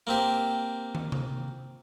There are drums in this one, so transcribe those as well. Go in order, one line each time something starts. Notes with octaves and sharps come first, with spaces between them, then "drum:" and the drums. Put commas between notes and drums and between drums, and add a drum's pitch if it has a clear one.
A#3 C4 G4
drum: tom
drum: tom C3